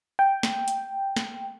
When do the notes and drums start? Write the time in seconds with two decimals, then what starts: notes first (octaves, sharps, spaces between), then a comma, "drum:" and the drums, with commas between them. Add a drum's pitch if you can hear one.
0.19 G5
0.43 drum: snare
0.68 drum: hi-hat
1.16 drum: snare